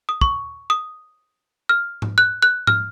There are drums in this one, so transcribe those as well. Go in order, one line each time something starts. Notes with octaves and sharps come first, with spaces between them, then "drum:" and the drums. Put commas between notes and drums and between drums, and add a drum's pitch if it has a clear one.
D#6
C#6, drum: kick
D#6
F6
drum: tom G#2
F#6
F#6
F6, drum: tom G#2